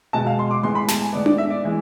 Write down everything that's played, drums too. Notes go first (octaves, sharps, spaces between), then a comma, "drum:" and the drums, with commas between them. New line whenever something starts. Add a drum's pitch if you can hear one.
B2 G#3 B3 A5
F5
C6
D6
A2 G#3 B3 C6
B5
A5, drum: snare
G#5
A2 G#3 B3 D5
D5, drum: tom D4
E5
D5
E3 G#3 E5